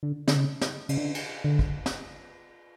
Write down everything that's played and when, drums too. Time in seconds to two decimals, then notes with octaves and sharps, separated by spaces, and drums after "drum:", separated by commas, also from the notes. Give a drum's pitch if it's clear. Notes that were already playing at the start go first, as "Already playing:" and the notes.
0.03 D3
0.28 D3, drum: snare
0.35 C#3
0.61 drum: snare
0.89 C#3, drum: cymbal
0.97 D3
1.15 drum: cymbal
1.44 D3
1.59 drum: kick
1.86 drum: snare